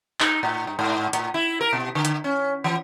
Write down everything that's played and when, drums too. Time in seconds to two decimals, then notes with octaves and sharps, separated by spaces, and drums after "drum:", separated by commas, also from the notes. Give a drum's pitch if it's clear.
0.20 D#4, drum: clap
0.43 A2
0.67 G2
0.79 G#2
1.13 A2, drum: hi-hat
1.34 E4
1.61 A#4
1.73 B2
1.95 D3
2.05 drum: hi-hat
2.24 C#4
2.64 E3